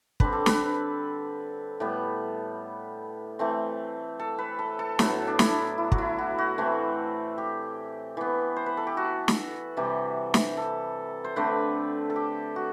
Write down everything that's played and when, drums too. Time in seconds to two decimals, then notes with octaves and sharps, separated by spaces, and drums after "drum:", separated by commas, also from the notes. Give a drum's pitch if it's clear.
0.20 D3 G3 C4 B4, drum: kick
0.33 A4
0.46 B4, drum: snare
1.80 A2 G3 B3
3.39 E3 A3 C4
4.20 A4
4.39 B4
4.59 A4
4.79 A4
4.99 A2 F#3 B3, drum: snare
5.28 D4
5.39 E4, drum: snare
5.78 E4
5.92 F#4, drum: kick
5.98 E4
6.18 F#4
6.38 F#4
6.58 E3 A3 C4
7.38 G4
8.17 E3 B3
8.56 C5
8.66 B4
8.77 A4
8.87 G4
8.97 F#4
9.28 drum: snare
9.77 C3 E3 G3
10.34 drum: snare
10.57 A4
11.24 C5
11.36 D3 A3 C4 B4
12.10 A4
12.16 G4
12.56 F#4